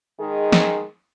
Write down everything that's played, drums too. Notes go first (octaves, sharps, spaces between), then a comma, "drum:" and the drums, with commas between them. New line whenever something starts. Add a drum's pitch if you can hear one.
D#3 G#3 D#4 G#4
drum: snare